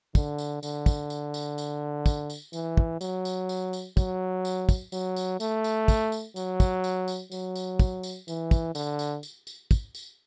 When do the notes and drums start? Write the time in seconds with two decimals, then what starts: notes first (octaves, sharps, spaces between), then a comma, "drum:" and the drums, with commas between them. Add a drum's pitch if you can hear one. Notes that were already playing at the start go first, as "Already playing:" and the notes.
0.15 D3, drum: kick, tambourine
0.38 drum: tambourine
0.63 D3, drum: tambourine
0.86 drum: kick, tambourine
1.10 drum: tambourine
1.34 drum: tambourine
1.58 drum: tambourine
2.06 drum: kick, tambourine
2.30 drum: tambourine
2.53 E3, drum: tambourine
2.77 drum: kick
3.01 F#3, drum: tambourine
3.25 drum: tambourine
3.49 drum: tambourine
3.73 drum: tambourine
3.97 F#3, drum: kick, tambourine
4.45 drum: tambourine
4.69 drum: kick, tambourine
4.92 F#3, drum: tambourine
5.17 drum: tambourine
5.40 A3, drum: tambourine
5.64 drum: tambourine
5.88 drum: kick, tambourine
6.12 drum: tambourine
6.36 F#3, drum: tambourine
6.60 drum: kick, tambourine
6.84 drum: tambourine
7.08 drum: tambourine
7.32 F#3, drum: tambourine
7.56 drum: tambourine
7.79 drum: kick, tambourine
8.03 drum: tambourine
8.28 E3, drum: tambourine
8.51 drum: kick, tambourine
8.75 D3, drum: tambourine
8.99 drum: tambourine
9.23 drum: tambourine
9.47 drum: tambourine
9.71 drum: kick, tambourine
9.95 drum: tambourine